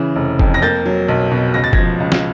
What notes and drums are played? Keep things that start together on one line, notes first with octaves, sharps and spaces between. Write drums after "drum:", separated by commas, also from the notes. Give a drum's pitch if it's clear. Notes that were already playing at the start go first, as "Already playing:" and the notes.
Already playing: C#3 E3
F1
F2, drum: kick
A#6
A#3 G6 A6
F#3
B1
B2
C#2 A#6
A6
F3 G#6 A#6, drum: kick
C#2
drum: snare